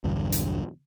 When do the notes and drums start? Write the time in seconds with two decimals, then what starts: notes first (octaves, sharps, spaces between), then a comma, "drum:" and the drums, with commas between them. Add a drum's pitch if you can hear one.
0.04 B1 E2 G2 D3
0.32 drum: hi-hat